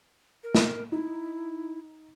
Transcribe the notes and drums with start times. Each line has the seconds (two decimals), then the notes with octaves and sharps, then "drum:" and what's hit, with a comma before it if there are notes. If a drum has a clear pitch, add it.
0.43 A#4
0.55 drum: snare
0.92 D#4 E4